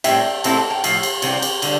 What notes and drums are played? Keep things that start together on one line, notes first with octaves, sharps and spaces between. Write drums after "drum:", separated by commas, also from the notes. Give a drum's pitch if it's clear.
A2 G3 C4 E5 G5, drum: cymbal
A#2 A3 C4 E4, drum: cymbal
A5
G5
A2 F3, drum: cymbal
drum: cymbal
C3 E3 G3 C4, drum: cymbal
drum: cymbal
D3 G3, drum: cymbal